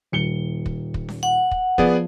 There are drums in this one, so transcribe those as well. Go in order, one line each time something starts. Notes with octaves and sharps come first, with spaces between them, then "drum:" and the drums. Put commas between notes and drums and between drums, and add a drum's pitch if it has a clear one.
D#1 C#7 G7
drum: kick
drum: kick
drum: snare C#4
F#5
drum: kick
F3 B3 G#4 D5, drum: kick